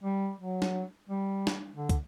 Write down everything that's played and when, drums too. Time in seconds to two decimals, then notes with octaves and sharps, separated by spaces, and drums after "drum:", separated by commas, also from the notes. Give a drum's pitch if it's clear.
0.03 G3
0.41 F#3
0.62 drum: snare
1.09 G3
1.47 drum: snare
1.74 D3
1.89 drum: kick, hi-hat